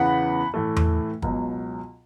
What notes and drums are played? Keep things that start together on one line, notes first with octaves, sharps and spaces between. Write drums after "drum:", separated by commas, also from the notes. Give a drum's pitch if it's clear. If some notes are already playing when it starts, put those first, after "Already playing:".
Already playing: E2 C#3 E3 B3 F#5 B5
A2 E3 A3
drum: tom E2
C#2 B2 F#3, drum: kick